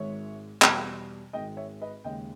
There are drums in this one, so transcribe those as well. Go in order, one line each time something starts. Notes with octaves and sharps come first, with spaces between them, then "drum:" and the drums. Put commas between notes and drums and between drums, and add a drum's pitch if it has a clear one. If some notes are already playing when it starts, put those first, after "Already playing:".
Already playing: G#1 G#2 D#3 G#3 C#5 E5
E2 B2 G3, drum: clap
G#1 G#2 D#3 G#3 D#5 G5
C#5 E5
B4 D#5
D#2 C#3 G#3 D#5 G5